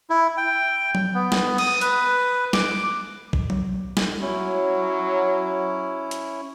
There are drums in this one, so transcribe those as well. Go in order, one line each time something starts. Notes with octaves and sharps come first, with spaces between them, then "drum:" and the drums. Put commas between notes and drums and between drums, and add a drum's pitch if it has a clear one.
E4
G5
drum: tom F#3
B3
drum: snare
D#6, drum: cymbal
B4, drum: hi-hat
D6, drum: snare
drum: kick A#1
drum: tom F#3
drum: snare
F#3 C#4 E4
drum: hi-hat